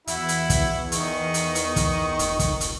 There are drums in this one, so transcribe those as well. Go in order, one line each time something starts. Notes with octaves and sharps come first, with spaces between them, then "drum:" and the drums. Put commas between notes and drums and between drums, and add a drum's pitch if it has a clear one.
E2 E4 F#4 E5, drum: hi-hat
drum: hi-hat
drum: kick, hi-hat
D#3 D#5 C#6, drum: hi-hat
drum: hi-hat
drum: hi-hat
drum: kick, hi-hat
F1, drum: hi-hat
drum: kick, hi-hat
drum: hi-hat